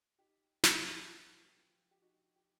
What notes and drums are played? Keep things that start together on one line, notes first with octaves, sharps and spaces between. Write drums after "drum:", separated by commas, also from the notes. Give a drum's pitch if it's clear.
D#4 G4
G#3 F#4, drum: snare
G4
B3 F#4
F3
G4
D#4 F#4
G4